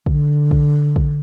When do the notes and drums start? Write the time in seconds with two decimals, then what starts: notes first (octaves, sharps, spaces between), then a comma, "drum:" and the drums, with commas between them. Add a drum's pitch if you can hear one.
0.06 D3, drum: kick
0.51 drum: kick
0.96 drum: kick